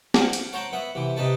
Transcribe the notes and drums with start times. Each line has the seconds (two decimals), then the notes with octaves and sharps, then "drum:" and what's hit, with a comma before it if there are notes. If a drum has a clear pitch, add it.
0.14 C4 F5 F#5, drum: snare
0.33 drum: hi-hat
0.53 C#5 F#5 G5 A5 A#5 C6
0.72 B3 E5 F#5
0.95 C3 E3
1.17 C3 D#4 B4 A5